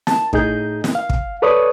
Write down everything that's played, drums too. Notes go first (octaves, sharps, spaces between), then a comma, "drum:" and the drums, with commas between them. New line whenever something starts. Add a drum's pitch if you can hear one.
A5, drum: snare
A2 D#4 G#4 G6, drum: kick
drum: snare
F5
drum: kick
A4 B4 C#5 D5 C#6 D#6